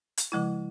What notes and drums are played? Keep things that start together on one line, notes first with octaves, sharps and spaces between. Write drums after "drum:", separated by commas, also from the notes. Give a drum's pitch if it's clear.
drum: hi-hat
C#3 F3 G#3 E4